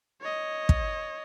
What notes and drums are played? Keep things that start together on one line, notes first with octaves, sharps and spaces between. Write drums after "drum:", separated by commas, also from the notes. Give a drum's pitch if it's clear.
C#5 D#5
drum: kick